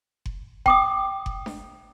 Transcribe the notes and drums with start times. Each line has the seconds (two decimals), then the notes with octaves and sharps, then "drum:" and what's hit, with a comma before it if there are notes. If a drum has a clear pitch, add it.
0.26 drum: kick F#1
0.66 G5 D6 D#6, drum: kick F#1
1.26 drum: kick F#1
1.46 drum: snare D4